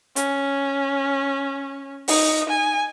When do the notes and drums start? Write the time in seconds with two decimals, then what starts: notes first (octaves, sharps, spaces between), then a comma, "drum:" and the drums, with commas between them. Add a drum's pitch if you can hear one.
0.16 C#4, drum: hi-hat
2.08 D#4, drum: open hi-hat
2.49 G#5